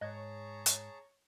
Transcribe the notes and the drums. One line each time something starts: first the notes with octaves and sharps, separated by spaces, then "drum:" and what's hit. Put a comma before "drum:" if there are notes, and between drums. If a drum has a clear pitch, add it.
G#2 G#4 C#5 D#5 A5 A#5 F#6 G#6
drum: hi-hat